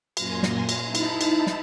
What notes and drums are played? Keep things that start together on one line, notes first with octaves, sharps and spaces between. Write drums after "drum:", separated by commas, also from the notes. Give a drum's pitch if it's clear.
F#2 A#2 G#5 C6 A#6, drum: cymbal
drum: snare
drum: cymbal
D#4 E4 A5 B5
drum: cymbal
drum: cymbal
drum: snare